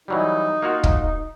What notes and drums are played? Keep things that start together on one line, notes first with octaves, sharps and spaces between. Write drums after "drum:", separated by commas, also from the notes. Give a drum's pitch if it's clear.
E3 F#3 G3 D#4
A#3 F4 F#4
drum: kick